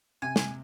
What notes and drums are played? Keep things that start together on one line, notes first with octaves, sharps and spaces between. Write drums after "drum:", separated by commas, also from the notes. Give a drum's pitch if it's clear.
C3 G#5
drum: snare